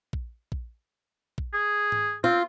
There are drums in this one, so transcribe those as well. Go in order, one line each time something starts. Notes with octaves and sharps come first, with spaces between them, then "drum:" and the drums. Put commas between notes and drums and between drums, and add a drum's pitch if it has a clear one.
drum: kick A#1
drum: kick A#1
drum: kick A#1
G#4
drum: tom G#2
C4 F4